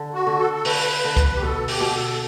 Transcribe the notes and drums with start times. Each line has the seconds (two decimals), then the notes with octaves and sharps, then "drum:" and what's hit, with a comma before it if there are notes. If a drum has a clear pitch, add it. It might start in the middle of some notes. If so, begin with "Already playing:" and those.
Already playing: D3
0.14 F#4
0.27 D3
0.39 A4
0.53 A4
0.65 D3 B4, drum: open hi-hat
1.04 D3
1.17 drum: kick, hi-hat
1.36 G4
1.42 B2 A4
1.68 G4, drum: open hi-hat
1.80 B2
1.94 A4